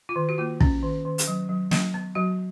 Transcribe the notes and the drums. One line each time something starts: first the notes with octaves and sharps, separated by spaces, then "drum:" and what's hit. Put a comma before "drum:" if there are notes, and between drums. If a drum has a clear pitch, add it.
F4
D#3
F#4
A#3 F4
C#4, drum: kick
D#3
D#3
drum: hi-hat
F#3
F#3
F#3, drum: snare
B3
F#3 F#4